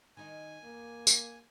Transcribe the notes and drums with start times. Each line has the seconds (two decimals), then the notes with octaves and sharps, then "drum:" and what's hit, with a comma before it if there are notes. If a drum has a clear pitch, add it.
0.17 D#3 D#4 G#5
0.64 E2 A#3
1.07 drum: tambourine